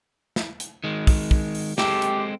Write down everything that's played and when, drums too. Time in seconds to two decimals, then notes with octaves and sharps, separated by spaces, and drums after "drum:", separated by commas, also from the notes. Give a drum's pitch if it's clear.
0.36 drum: snare
0.60 drum: hi-hat
0.84 D#3 G#3
1.07 drum: kick, open hi-hat
1.31 drum: kick
1.55 drum: open hi-hat
1.78 G#3 C4 G4 A4, drum: snare
2.02 drum: hi-hat